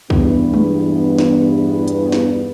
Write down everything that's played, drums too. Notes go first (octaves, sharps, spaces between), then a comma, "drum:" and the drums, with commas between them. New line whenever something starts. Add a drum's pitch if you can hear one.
E2 G2 B3, drum: kick C2
drum: tom G#3
drum: snare
drum: hi-hat
drum: snare